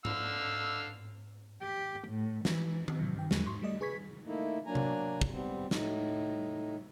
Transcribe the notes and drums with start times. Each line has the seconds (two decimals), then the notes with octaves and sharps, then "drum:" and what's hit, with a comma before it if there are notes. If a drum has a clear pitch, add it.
0.05 D3 F5 E6, drum: tom G#2
1.62 G4
2.08 A2
2.45 E3, drum: snare
2.88 drum: tom D#3
2.99 A2 C3 E3 F#3
3.15 G2 D#3 G5
3.31 E2 D3 F#3 G#3 A#3, drum: snare
3.46 G#2 C6 C#6
3.62 G3 A3 D5 D#5
3.81 G#4 B4 C#6 G#6 B6
4.26 A3 A#3 D#4 E4
4.66 F#3 A#3 D4 G#5 A#5
4.75 drum: tom C3
5.21 drum: kick
5.32 G3 B3 C4
5.71 A2 D#4, drum: snare